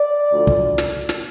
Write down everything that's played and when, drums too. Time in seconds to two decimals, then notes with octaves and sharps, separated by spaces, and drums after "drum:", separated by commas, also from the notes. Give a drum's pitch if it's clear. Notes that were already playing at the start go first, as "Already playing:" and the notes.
Already playing: D5
0.32 D2 D3 F3
0.47 drum: kick
0.78 drum: snare
1.09 drum: snare